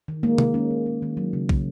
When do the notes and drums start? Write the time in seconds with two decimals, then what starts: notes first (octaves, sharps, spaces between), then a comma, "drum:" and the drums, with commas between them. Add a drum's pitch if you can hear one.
0.08 D#3
0.23 G#3 A#3
0.38 D#3, drum: tom
0.54 G#3 C#4
0.71 D#3
0.86 G#3
1.02 D#3
1.17 F#3
1.33 C#3
1.49 C#3, drum: kick